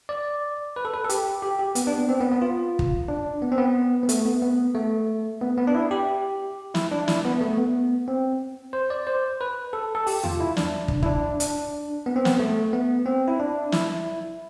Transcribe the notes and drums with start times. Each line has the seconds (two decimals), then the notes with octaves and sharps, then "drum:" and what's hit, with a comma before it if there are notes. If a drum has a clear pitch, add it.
0.09 D5
0.76 B4
0.85 A4
0.94 B4
1.05 A4
1.10 G4, drum: hi-hat
1.42 G4
1.59 G4
1.75 B3, drum: hi-hat
1.87 D4
1.98 B3
2.09 C4
2.21 B3
2.31 B3
2.42 F4
2.79 drum: kick
3.08 D4
3.42 B3
3.52 C4
3.58 B3
4.03 B3
4.09 A3, drum: hi-hat
4.25 B3
4.42 B3
4.75 A3
5.41 B3
5.58 B3
5.67 D4
5.75 E4
5.91 G4
6.75 E4, drum: snare
6.91 D4
7.08 E4, drum: snare
7.25 B3
7.41 A3
7.58 B3
8.08 C4
8.73 C5
8.90 D5
9.07 C5
9.41 B4
9.73 A4
9.95 A4
10.07 G4, drum: open hi-hat
10.24 F4, drum: tom E2
10.40 E4
10.57 D4, drum: snare
10.88 drum: kick
11.03 E4, drum: kick
11.06 D4
11.40 D4, drum: hi-hat
12.06 B3
12.16 C4
12.25 B3, drum: snare
12.40 A3
12.73 B3
13.06 C4
13.28 E4
13.40 D4
13.72 E4, drum: snare